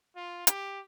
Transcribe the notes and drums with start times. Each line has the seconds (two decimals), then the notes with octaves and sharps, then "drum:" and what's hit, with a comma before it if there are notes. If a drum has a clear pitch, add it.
0.16 F4
0.47 G4, drum: hi-hat